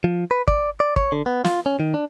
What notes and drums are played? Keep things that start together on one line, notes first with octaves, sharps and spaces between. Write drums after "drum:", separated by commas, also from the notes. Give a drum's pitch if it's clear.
F3
B4
D5, drum: kick
D5
C#5, drum: kick
D3
B3
F4, drum: snare
C#4
D#3
D4